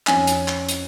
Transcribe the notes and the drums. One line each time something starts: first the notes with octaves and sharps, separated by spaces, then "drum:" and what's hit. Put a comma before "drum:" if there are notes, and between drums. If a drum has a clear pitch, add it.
F2 C#4 D#4 G#5, drum: clap
drum: hi-hat
drum: clap
drum: hi-hat